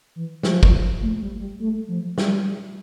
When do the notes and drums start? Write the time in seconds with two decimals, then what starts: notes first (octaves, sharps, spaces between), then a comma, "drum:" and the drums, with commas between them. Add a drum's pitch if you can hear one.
0.16 E3
0.43 F3, drum: snare
0.63 drum: kick G1
1.02 A3
1.21 G3
1.40 G3
1.60 A3
1.88 F3
2.18 G3, drum: snare